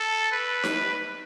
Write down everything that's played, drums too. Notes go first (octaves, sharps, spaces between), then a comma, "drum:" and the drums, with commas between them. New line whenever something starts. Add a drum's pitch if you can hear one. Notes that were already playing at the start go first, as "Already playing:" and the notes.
Already playing: A4
B4
drum: snare D#4